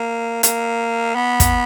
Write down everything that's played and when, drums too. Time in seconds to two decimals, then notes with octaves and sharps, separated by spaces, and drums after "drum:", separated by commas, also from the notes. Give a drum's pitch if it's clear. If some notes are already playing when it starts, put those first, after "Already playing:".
Already playing: A#3
0.43 A#3, drum: hi-hat
1.15 B3
1.40 drum: kick, hi-hat